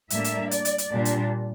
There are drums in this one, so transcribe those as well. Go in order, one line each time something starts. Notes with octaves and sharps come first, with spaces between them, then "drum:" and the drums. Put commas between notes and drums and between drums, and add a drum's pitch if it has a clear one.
A2 G3 A#3 D4 E5, drum: hi-hat
drum: hi-hat
D5, drum: hi-hat
drum: hi-hat
drum: hi-hat
A#2 G3 D4
drum: hi-hat